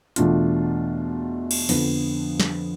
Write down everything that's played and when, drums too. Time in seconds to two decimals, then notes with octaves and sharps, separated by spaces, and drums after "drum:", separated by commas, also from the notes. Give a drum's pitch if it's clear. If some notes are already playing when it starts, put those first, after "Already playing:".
0.16 E2 B2 A3 D4 F4, drum: hi-hat
1.51 drum: cymbal
1.69 F2 D3 F3 B3, drum: open hi-hat
2.40 drum: snare